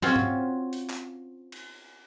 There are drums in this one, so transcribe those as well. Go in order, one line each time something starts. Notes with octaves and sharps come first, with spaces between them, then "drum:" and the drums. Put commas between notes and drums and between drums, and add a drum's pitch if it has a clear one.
C4 C#4 F4 F#4, drum: snare
drum: tom G#2
drum: hi-hat
drum: clap
drum: cymbal